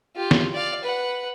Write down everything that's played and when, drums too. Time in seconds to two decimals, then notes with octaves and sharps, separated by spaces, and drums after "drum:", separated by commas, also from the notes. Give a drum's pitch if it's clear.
0.16 F4 G4
0.31 drum: snare
0.53 D5 F5
0.84 B4 F#5